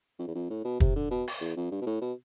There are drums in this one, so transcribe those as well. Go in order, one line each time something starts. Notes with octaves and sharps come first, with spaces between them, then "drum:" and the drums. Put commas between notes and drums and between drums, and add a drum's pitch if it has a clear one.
F2
E2
F2
A2
B2
C3, drum: kick
D3
B2
drum: open hi-hat
E2
F2
G2
B2
A2
B2